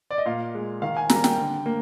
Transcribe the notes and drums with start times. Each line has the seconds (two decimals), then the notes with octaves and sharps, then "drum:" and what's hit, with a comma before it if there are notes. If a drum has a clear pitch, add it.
0.11 D5
0.18 D#5
0.25 A#2 F5
0.54 G#3
0.82 D#3 F5
0.97 G#5
1.10 G3 A#3 A#5, drum: snare
1.24 G5, drum: snare
1.37 D3
1.66 A#3